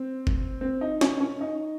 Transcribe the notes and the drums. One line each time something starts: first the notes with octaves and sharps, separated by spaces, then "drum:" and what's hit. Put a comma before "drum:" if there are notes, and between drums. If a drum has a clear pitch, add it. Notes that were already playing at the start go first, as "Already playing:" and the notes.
Already playing: C4
drum: kick F#1
C4
D#4
C#4, drum: snare
C#4
D#4